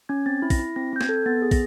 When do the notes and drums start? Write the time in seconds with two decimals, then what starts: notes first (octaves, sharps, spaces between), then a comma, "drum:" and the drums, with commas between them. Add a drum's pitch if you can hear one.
0.09 C#4 G#6
0.26 C4 A6
0.42 E4
0.50 A#6, drum: kick, open hi-hat
0.59 E4
0.76 C4 A#6
0.93 C4 G6
1.01 G#6, drum: snare
1.09 A4
1.26 B3 A6
1.42 G#4
1.51 A#6, drum: kick, open hi-hat